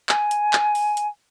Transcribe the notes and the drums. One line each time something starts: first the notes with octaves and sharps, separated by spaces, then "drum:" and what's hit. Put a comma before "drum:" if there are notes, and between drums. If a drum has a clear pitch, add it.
G#5, drum: clap
drum: hi-hat
drum: clap
drum: open hi-hat
drum: hi-hat